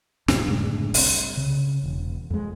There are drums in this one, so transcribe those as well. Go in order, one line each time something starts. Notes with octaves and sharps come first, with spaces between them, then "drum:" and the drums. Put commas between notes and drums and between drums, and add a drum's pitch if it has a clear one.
F2 A2 C3 F#3, drum: snare
F#1 A2 D3 G#3
C2 C4, drum: open hi-hat
C#3
E1
F2 G#3